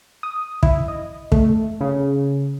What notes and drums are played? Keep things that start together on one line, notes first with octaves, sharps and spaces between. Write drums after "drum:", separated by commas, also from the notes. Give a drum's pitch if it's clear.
D#6
E4, drum: kick
D#5
A3, drum: kick
C#3